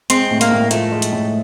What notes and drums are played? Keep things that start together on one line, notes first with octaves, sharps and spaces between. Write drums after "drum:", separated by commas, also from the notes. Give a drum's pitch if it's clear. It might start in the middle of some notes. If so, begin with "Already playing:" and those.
G#3 C4, drum: hi-hat
A2
A#3, drum: hi-hat
A2
F3 A3, drum: hi-hat
G#3
drum: hi-hat
A2